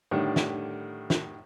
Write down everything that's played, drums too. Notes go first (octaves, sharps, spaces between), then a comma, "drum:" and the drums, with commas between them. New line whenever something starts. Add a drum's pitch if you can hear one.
A2 D3 D#3 G3
drum: snare
drum: snare